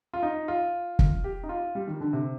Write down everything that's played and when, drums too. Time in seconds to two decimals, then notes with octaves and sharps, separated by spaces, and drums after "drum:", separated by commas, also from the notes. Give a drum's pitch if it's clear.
0.14 F4
0.23 D#4
0.48 F4
0.99 drum: kick
1.24 G4
1.44 D#4
1.49 F4
1.75 G3
1.88 D#3
2.01 D3
2.13 C3